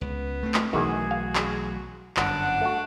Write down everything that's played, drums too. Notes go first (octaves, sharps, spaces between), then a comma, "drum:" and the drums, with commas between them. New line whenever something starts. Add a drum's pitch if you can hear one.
C#2 B3
A3 C4
drum: clap
B1 E2 D#3 E3 A3 F#4 G#4
F5
drum: clap
G1 F#2 D4 F#5, drum: clap
A3 F#4